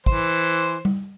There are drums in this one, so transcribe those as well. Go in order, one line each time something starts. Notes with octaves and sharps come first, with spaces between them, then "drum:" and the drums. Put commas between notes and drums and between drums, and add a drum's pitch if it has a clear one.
E3 C5, drum: kick
drum: tom G3